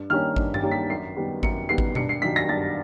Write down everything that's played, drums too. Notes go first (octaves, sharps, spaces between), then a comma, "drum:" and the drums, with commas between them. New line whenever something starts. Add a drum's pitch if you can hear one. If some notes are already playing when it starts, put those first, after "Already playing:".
Already playing: G2
D#3 G3 A#3 C#4 F6
G2, drum: kick G#1
A6, drum: tom G2
D#3 G3 A#3 C#4
B6
F#2 C7
D#3 G3 B3
F#2 C#7, drum: kick G#1
D#3 G3 B3 C7
drum: kick G#1
G2 C#7, drum: tom B2
C7
D#3 F#3 B6
A#6
G2 A6